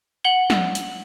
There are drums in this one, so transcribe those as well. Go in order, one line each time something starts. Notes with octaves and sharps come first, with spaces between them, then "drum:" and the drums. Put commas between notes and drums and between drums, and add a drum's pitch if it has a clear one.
F#5 F#7 G7
drum: snare
drum: hi-hat